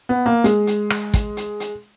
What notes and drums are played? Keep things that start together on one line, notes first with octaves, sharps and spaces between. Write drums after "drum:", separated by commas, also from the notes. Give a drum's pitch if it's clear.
B3
A#3
G#3, drum: hi-hat
drum: hi-hat
drum: rim click
drum: kick, hi-hat
drum: hi-hat
drum: hi-hat